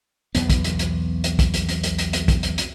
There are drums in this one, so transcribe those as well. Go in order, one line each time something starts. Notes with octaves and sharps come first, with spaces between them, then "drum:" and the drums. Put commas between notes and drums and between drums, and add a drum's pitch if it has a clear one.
B1 E2 B3, drum: hi-hat
drum: kick, hi-hat
drum: hi-hat
drum: hi-hat
drum: hi-hat
drum: kick, hi-hat
drum: hi-hat
drum: hi-hat
drum: hi-hat
drum: hi-hat
drum: hi-hat
drum: kick, hi-hat
drum: hi-hat
drum: hi-hat